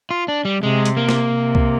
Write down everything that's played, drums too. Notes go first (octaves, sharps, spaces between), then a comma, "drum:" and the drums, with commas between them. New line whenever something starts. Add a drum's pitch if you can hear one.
F4
D4
G3
C3 G#3
drum: hi-hat
A#3
drum: snare
C3
drum: kick C2